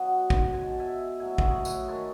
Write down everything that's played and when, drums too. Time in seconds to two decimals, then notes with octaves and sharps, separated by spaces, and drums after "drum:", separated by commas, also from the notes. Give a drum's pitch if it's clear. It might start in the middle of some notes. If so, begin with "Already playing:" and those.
Already playing: B2 F#3 D#5 F#5
0.30 drum: kick
0.53 B2 G#3 G#5
0.66 A5
0.79 E5 G#5
1.20 A2 F#3 E5 G#5
1.38 C#5 D#5 E5, drum: kick
1.65 B4 D#5, drum: tambourine
1.88 D#3 G#3 A4 C#5